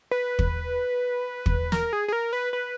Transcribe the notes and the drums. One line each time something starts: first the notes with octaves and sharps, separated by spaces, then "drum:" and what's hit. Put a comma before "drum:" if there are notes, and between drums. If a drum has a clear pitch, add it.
B4
drum: kick
drum: kick
A#4, drum: snare
G#4
G#4
A#4
B4
B4